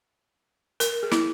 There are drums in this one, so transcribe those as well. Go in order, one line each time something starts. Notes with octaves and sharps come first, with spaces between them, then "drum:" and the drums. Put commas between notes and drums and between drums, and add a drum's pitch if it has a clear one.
A#4, drum: hi-hat
G#4
E4, drum: snare